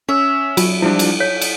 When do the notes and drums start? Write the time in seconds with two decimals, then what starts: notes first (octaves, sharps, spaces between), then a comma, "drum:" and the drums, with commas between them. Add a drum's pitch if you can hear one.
0.09 C#4 E5
0.57 F#3 F4, drum: cymbal
0.82 F3 G3 D4 E4
0.99 drum: cymbal
1.20 C#5 B6
1.41 drum: cymbal